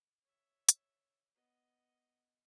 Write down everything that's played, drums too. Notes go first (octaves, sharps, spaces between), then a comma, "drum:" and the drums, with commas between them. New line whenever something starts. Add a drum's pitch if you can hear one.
C#5 E5
drum: hi-hat
B3 D#5